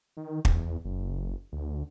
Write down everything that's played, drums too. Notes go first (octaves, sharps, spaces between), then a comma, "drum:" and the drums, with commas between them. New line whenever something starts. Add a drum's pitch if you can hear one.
D#3
E2, drum: kick
F#1
D2